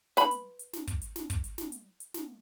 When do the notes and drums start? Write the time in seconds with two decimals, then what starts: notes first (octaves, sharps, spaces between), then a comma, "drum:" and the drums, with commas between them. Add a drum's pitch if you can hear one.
0.17 B4 B5, drum: snare
0.31 drum: hi-hat
0.59 drum: hi-hat
0.73 drum: snare
0.87 drum: kick, hi-hat
1.02 drum: hi-hat
1.16 drum: snare
1.30 drum: kick, hi-hat
1.44 drum: hi-hat
1.58 drum: snare
1.72 drum: hi-hat
2.00 drum: hi-hat
2.14 drum: snare